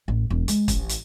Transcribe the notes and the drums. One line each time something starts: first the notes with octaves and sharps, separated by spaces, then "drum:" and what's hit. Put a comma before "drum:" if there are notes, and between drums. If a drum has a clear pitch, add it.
A1
E1
G#3, drum: hi-hat
A1, drum: kick, hi-hat
drum: hi-hat